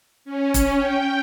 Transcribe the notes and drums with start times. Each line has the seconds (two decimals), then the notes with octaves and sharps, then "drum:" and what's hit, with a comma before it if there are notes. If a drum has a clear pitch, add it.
0.25 C#4
0.54 drum: kick E1, hi-hat
0.75 G5